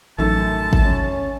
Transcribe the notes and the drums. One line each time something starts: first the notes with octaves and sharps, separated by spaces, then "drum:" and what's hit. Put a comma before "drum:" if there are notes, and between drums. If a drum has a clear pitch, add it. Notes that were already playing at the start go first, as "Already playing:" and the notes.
A1 F#2 D#3 A4 A5
drum: kick
C#4